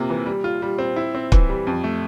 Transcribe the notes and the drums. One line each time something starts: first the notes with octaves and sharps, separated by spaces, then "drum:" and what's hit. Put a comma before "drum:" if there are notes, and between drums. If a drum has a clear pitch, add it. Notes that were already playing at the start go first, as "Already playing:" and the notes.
Already playing: C3 A#3 F4
E3
G3
F4
G3
C4
E4
C4
E3, drum: kick
G3
F2
A3